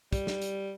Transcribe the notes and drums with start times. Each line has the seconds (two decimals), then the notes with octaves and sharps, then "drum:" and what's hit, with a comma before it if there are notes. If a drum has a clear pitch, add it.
0.13 G3, drum: kick, hi-hat
0.27 drum: snare
0.42 drum: hi-hat